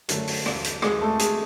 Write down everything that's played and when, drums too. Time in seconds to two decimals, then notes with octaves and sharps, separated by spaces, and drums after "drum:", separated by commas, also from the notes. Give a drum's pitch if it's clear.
0.09 F#2 D3 F#3 A3, drum: hi-hat
0.27 drum: open hi-hat
0.46 drum: rim click
0.64 drum: hi-hat
0.82 G#3 G#4, drum: rim click
1.01 A3 A4
1.19 G#3 G#4, drum: hi-hat